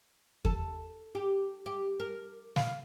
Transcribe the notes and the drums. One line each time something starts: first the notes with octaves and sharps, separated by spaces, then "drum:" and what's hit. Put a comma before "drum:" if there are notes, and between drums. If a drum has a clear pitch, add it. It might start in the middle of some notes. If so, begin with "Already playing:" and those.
A4, drum: kick E2
G4
G4
A#4
F5, drum: snare